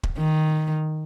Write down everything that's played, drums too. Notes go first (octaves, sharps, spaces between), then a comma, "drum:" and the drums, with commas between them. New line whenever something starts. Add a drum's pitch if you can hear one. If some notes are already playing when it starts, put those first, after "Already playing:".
drum: kick
D#3